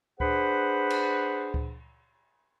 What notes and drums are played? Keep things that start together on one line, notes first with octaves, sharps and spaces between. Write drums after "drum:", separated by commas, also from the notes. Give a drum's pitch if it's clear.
D4 G#4 B4 C5 F#5 B5, drum: kick C#2
drum: cymbal
drum: kick C#2